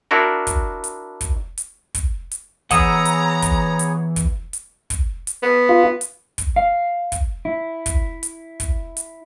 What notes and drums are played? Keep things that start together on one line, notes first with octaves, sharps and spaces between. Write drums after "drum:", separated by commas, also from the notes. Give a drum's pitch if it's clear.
D4 E4 F#4 A#4
drum: kick, hi-hat
drum: hi-hat
drum: kick, hi-hat
drum: hi-hat
drum: kick, hi-hat
drum: hi-hat
E2 B3 G#4 C#5 F#5 A#5 D#6 E6, drum: kick, hi-hat
drum: hi-hat
drum: kick, hi-hat
drum: hi-hat
drum: kick, hi-hat
drum: hi-hat
drum: kick, hi-hat
drum: hi-hat
B3
F4
drum: hi-hat
drum: kick, hi-hat
F5
drum: kick, hi-hat
E4
drum: kick, hi-hat
drum: hi-hat
drum: kick, hi-hat
drum: hi-hat